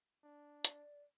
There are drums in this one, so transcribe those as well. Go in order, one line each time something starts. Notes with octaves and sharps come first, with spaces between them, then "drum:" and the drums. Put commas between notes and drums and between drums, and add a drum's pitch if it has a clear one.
D4
D5, drum: hi-hat